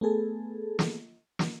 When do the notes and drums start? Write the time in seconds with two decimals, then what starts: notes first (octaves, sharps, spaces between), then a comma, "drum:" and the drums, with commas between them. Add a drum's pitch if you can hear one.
0.01 A3 B3 G#4 A4
0.79 drum: snare
1.39 drum: snare